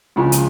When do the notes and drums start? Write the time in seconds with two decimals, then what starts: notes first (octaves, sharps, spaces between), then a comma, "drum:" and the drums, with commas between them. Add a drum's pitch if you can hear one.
0.16 C#2 C#3 F3 G#3
0.32 drum: hi-hat